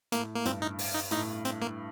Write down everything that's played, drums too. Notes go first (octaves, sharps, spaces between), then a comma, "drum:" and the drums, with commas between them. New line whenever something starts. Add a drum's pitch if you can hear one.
A2 A#3, drum: hi-hat
A#3
G2 C4, drum: hi-hat
D#4
drum: open hi-hat
D#4
A2 D#4, drum: hi-hat
C4, drum: hi-hat
A#3